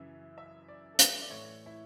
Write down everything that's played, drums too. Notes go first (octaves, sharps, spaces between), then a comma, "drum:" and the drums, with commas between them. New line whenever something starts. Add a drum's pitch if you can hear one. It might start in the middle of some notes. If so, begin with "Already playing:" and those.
Already playing: F#2 C#3 E3 E5
E5
D5
A4
B4, drum: hi-hat
D5
A2 E3 C#5
E4